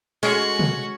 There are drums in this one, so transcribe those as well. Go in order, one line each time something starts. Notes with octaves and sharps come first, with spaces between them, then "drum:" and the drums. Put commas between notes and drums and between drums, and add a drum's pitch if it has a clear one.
G#3 C#4 F#4 G#5, drum: open hi-hat
drum: tom